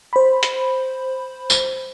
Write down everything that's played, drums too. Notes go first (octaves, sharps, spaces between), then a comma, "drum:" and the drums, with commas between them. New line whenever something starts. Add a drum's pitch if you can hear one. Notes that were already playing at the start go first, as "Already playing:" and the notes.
C5 B5
drum: hi-hat
drum: tambourine